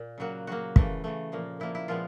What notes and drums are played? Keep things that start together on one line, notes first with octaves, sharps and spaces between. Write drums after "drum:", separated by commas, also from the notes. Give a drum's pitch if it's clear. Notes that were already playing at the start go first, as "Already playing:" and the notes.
Already playing: A#2
C#3 F#3 A#3 F#4
C#3 F#3 A#3 F#4
C#3 E3 A3, drum: kick
C#3 E3 A3
A#2 F3 A#3
A#2 F3 A#3 E4
E4
A#2 F3 G#3 B3 F4